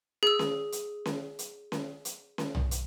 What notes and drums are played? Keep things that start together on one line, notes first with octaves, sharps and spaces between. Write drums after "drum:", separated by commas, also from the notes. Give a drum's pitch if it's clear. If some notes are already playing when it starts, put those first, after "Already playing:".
G#4 E6
drum: snare C#4
drum: hi-hat
drum: snare C#4
drum: hi-hat
drum: snare C#4
drum: hi-hat
drum: snare C#4
drum: tom
drum: hi-hat